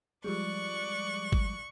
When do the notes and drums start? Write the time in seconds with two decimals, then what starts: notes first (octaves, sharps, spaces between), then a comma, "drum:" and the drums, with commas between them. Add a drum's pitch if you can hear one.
0.24 F3 G3 G#3 D5 C#6 F#6
1.32 drum: kick